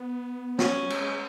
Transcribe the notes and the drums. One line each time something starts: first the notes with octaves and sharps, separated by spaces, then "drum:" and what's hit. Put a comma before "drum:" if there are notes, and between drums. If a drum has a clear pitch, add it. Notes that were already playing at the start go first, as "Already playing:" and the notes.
Already playing: B3
F#3 C#4, drum: snare
G#3, drum: cymbal